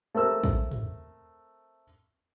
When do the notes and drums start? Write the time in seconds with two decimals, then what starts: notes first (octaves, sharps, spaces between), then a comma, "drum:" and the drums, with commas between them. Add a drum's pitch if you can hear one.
0.14 A3 C4 A#4 E6
0.43 drum: kick
0.71 drum: tom